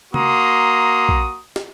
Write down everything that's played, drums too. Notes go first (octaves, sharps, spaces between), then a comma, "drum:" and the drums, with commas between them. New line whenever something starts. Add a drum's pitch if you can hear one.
A#3 F#4 A#5 C6 D#6, drum: tom C#3
drum: kick A#1
drum: snare